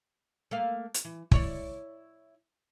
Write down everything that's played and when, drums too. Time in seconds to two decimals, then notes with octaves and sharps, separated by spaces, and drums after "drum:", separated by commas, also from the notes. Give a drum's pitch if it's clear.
0.51 A3 A#3 F5
0.94 drum: hi-hat
1.05 E3
1.31 E4 C#5 D5, drum: kick